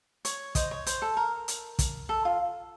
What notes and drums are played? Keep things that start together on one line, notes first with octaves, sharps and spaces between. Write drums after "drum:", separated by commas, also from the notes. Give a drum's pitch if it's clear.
C#5, drum: hi-hat
C5 D#5, drum: kick, hi-hat
C#5
C5, drum: hi-hat
A4
A#4
drum: hi-hat
drum: kick, hi-hat
A4
F4